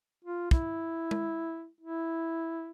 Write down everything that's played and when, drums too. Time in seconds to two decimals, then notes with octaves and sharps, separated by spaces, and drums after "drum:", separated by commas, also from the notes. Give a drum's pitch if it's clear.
0.25 F4
0.51 E4, drum: kick
1.11 drum: tom G#3
1.81 E4